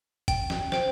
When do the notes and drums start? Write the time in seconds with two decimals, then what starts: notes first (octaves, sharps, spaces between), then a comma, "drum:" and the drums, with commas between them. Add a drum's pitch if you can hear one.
0.28 G5, drum: kick, hi-hat
0.50 drum: snare
0.72 C5 G5, drum: snare